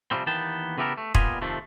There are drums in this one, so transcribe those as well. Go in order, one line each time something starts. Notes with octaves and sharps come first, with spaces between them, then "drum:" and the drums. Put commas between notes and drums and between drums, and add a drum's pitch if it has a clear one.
C3 D#3 F3 G3 C4
D#2 E3 A#3 B3 G5 A5
C#3 B3 E4 G4 A4 A#4
A3
A#2 G3 B3 F4 D#5 G#5, drum: kick
F2 C3 D#3 F3 A3